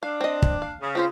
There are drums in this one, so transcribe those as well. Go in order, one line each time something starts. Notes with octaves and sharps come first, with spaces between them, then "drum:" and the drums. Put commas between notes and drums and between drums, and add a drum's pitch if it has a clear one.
D4 F5
C4 D#5
drum: kick
F5
C#3
C4 F4 G4 C5